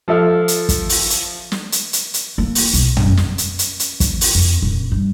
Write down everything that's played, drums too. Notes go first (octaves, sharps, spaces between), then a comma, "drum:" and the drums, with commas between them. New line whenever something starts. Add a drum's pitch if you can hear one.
F3 A4 E5 F6
drum: hi-hat
drum: kick, hi-hat
drum: open hi-hat
drum: hi-hat
drum: snare
drum: hi-hat
drum: hi-hat
drum: hi-hat
A#3
drum: open hi-hat
B1, drum: hi-hat
drum: tom
C#4
drum: snare
drum: hi-hat
drum: hi-hat
drum: hi-hat
drum: kick, hi-hat
drum: open hi-hat
F2
D#1
G2